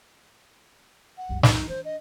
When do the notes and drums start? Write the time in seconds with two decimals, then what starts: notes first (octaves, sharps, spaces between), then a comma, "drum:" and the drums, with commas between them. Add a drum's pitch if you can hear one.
1.18 F#5
1.29 C2 F#2
1.43 D#4, drum: snare
1.69 D4 C5
1.85 D#5